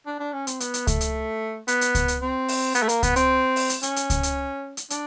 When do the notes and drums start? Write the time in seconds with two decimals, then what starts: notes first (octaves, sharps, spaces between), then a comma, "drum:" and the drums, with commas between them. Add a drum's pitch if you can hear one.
0.06 D4
0.20 D4
0.33 C#4
0.47 C4, drum: hi-hat
0.60 B3, drum: hi-hat
0.74 drum: hi-hat
0.87 A3, drum: kick C#2, hi-hat
1.01 drum: hi-hat
1.68 B3, drum: hi-hat
1.81 drum: hi-hat
1.95 drum: kick C#2, hi-hat
2.08 drum: hi-hat
2.22 C4
2.48 drum: open hi-hat
2.75 B3, drum: hi-hat
2.83 A3
2.89 A#3, drum: hi-hat
3.03 B3, drum: kick C#2, hi-hat
3.16 C4, drum: hi-hat
3.56 drum: open hi-hat
3.69 drum: hi-hat
3.83 C#4, drum: hi-hat
3.96 drum: hi-hat
4.10 drum: kick C#2, hi-hat
4.23 drum: hi-hat
4.77 drum: hi-hat
4.90 D4, drum: hi-hat